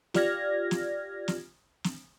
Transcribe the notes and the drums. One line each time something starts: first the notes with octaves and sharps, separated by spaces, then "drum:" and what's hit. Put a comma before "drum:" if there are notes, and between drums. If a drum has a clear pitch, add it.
F4 G4 D5 F6 G#6 A#6, drum: snare
drum: snare
drum: snare
drum: snare